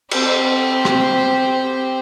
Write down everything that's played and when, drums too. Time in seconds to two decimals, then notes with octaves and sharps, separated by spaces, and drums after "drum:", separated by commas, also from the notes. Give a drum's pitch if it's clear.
0.11 C4 G4, drum: cymbal
0.85 drum: rim click